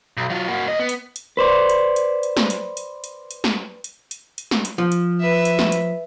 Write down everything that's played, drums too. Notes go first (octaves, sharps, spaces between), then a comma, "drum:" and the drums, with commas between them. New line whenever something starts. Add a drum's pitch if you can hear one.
B1
F#3 F4
A#3 F#4
E2 D#5
B3
drum: hi-hat
drum: hi-hat
B4 C5 D5
drum: hi-hat
drum: hi-hat
drum: hi-hat
drum: snare
drum: hi-hat
drum: hi-hat
drum: hi-hat
drum: hi-hat
drum: snare
drum: hi-hat
drum: hi-hat
drum: hi-hat
drum: snare
drum: hi-hat
F3
drum: hi-hat
B4 E5
drum: hi-hat
drum: snare
drum: hi-hat